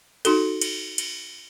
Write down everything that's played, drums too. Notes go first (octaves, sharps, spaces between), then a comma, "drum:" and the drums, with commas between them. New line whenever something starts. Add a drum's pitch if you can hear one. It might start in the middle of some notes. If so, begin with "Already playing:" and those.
D#4 F#4 A4, drum: cymbal
drum: cymbal
drum: cymbal